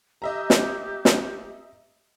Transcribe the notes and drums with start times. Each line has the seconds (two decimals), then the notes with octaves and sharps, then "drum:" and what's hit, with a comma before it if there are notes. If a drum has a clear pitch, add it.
0.22 G4 D#5 E5 A#5
0.50 drum: snare
1.05 drum: snare